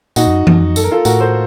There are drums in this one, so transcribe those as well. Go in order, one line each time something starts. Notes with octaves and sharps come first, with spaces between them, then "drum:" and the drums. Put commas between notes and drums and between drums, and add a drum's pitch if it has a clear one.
A#2 D#4 F#4, drum: tambourine
F2
F#2
F#2, drum: tom E3
F2
F#2 A4, drum: tambourine
A#4
F4 A4
A2 F#4 A#4, drum: tambourine
A4 C5